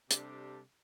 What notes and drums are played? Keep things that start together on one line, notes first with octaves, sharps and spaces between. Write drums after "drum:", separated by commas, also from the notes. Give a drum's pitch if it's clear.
C3 G3 D4 A4, drum: hi-hat